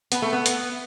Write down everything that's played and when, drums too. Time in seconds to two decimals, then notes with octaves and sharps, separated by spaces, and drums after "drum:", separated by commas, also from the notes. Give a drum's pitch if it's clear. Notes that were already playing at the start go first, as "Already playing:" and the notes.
0.12 B3, drum: hi-hat
0.22 A3
0.33 B3
0.46 drum: hi-hat